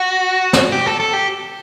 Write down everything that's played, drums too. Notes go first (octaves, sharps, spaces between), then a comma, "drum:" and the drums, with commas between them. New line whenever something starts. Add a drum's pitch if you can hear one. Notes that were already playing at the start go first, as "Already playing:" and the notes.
Already playing: F#4
drum: snare
G4
A4
A4
G4